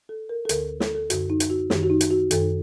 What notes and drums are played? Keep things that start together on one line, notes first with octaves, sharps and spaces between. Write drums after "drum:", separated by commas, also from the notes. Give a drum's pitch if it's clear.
A4
A#4
A4
D2 D3 A#4, drum: hi-hat
A4, drum: snare
A4
F#2 D3 F#4, drum: hi-hat
D#4
drum: hi-hat
F#4
F#2 D#3 G4, drum: snare
F#4
D#4
drum: hi-hat
F#4
F#2 D#3 A4, drum: hi-hat